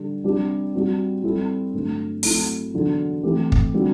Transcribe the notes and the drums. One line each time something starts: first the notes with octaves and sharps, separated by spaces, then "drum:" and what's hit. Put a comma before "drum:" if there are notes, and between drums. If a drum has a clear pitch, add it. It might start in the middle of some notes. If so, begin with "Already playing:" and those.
Already playing: D3 G3
C3 G3 D4 G4
G3 C4 F#4
G3 C4 E4 A4
G2 D3 F#3 A3
F#3 A3 C4 E4 A4, drum: open hi-hat
E2 D3 F#3
C3 E3 A3 C4 G4
drum: kick
D3 G3 C4 F#4